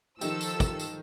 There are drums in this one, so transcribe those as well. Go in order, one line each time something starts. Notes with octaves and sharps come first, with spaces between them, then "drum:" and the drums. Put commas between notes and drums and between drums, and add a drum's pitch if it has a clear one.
D#3 F3 D#4 G4 A4 E6, drum: tambourine
drum: tambourine
drum: kick, tambourine
drum: tambourine